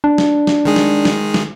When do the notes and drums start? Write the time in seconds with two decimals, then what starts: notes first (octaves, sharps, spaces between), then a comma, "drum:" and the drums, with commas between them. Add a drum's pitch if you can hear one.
0.04 D4
0.18 drum: snare
0.47 drum: snare
0.65 D#3 G#3 G#4
0.76 drum: snare
1.05 drum: snare
1.34 drum: snare